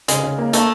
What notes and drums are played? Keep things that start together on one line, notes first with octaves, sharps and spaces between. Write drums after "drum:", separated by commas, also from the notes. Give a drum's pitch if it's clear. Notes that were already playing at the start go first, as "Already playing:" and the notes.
C#3 G#3, drum: hi-hat
C#3
A#3
A3 A#3, drum: hi-hat